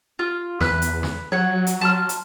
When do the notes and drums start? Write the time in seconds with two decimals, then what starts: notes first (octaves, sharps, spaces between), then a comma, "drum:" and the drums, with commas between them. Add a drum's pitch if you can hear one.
0.19 F4
0.61 E2 B4 F#6, drum: snare
0.82 drum: hi-hat
1.03 drum: snare
1.32 F#3 C#5 F#5
1.67 drum: hi-hat
1.81 A5 C6 F6
2.09 drum: hi-hat